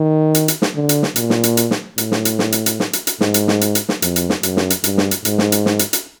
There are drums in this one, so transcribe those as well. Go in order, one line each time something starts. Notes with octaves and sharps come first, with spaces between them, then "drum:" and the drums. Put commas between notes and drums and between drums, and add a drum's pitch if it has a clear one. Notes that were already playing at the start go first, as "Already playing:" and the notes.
Already playing: D#3
drum: hi-hat
drum: hi-hat
drum: snare
D3
drum: hi-hat
drum: snare
A#2, drum: hi-hat
drum: snare
drum: hi-hat
drum: hi-hat
drum: snare
A2, drum: hi-hat
drum: snare
drum: hi-hat
drum: snare
drum: hi-hat
drum: hi-hat
drum: snare
drum: hi-hat
drum: hi-hat
G#2, drum: snare
drum: hi-hat
drum: snare
drum: hi-hat
drum: hi-hat
drum: snare
F2, drum: hi-hat
drum: hi-hat
drum: snare
F#2, drum: hi-hat
drum: snare
drum: hi-hat
G2, drum: hi-hat
drum: snare
drum: hi-hat
G#2, drum: hi-hat
drum: snare
drum: hi-hat
drum: snare
drum: hi-hat
drum: hi-hat